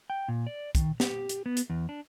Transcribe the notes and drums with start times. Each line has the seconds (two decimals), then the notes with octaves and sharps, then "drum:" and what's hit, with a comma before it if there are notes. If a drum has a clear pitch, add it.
0.10 G5
0.28 A#2
0.47 D5
0.75 D#3, drum: kick, hi-hat
1.00 G4, drum: snare
1.29 drum: hi-hat
1.46 B3
1.57 drum: hi-hat
1.70 E2
1.89 D4